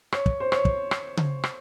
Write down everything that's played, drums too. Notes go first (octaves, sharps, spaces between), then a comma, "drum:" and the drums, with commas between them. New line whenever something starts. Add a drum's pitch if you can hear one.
C#5, drum: rim click
drum: kick
C5
C#5, drum: rim click
drum: kick
drum: rim click
drum: tom C#3
drum: rim click